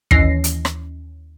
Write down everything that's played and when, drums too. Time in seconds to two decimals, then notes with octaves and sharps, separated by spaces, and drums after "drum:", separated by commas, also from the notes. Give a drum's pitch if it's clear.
0.11 D#2 E3 C#4 A#6 C7, drum: kick
0.44 drum: hi-hat
0.65 drum: rim click